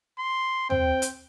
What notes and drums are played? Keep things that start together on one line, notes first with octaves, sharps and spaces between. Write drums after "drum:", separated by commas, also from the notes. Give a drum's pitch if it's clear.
C6
C4 G5, drum: tom
drum: hi-hat